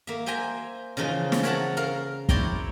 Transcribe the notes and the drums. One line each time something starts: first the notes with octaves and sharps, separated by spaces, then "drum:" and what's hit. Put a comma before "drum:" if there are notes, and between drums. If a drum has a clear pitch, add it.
A#3 E5
C5 E5 G5 G#5 A#5
C#3 E3 F3 D#4
drum: snare
A#4 C#5 E5 F#5 A5 A#5
A#4 F5
E4 C#5 D5 G5 A#5 C6, drum: kick